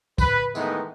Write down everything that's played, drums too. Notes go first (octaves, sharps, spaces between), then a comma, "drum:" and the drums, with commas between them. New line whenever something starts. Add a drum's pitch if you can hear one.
B4, drum: kick, tambourine
D#3 E3 G#3 A3 B3 D#4, drum: tambourine